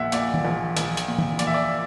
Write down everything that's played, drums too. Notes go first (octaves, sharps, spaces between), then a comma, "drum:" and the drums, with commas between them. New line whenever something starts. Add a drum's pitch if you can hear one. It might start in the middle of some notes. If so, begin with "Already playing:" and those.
Already playing: A#1 A#2 E5 F#5
A#2 D5, drum: hi-hat
drum: tom E3
A#1
A#1, drum: hi-hat
drum: hi-hat
A#2
drum: tom E3
A#2 D5, drum: hi-hat
E5
D5